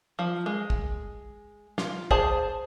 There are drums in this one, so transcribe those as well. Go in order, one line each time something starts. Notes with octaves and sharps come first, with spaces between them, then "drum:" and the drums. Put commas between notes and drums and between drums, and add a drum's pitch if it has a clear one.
F3
G#3
drum: kick
F4, drum: snare
G#4 C5 A5, drum: kick